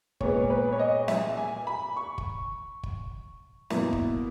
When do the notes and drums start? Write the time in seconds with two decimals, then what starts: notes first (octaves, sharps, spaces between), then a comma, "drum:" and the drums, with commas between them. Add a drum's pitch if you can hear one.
0.21 A#2 G#3 B3 C#5, drum: kick
0.50 B4
0.72 C#5
0.79 D#5
1.08 E5, drum: snare
1.37 G#5
1.67 B5
1.97 C#6
2.18 drum: kick
2.83 drum: kick
3.70 B2 A#3 E4, drum: snare
3.93 drum: kick